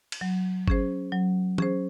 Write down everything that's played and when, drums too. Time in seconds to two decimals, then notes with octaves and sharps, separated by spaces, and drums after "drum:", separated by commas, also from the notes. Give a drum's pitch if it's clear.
0.12 drum: cymbal
0.21 F#3
0.68 C#4 G#4 C5, drum: kick G1
1.12 F#3
1.58 C#4 G#4 C5, drum: tom